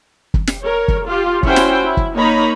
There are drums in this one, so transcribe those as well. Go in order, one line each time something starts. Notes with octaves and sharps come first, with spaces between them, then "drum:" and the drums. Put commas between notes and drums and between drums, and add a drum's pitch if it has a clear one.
drum: kick
drum: snare
A#4 C#5
drum: kick
F4 G4
C#4 E4 F#4 C5 G5, drum: kick
drum: snare
E4
drum: kick
A#3 D#4 C#5 A#5 B5